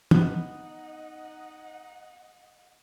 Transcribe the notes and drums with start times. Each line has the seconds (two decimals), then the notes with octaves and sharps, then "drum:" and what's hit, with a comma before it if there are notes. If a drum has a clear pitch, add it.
0.11 B3 D#4 D#5 F#5, drum: tom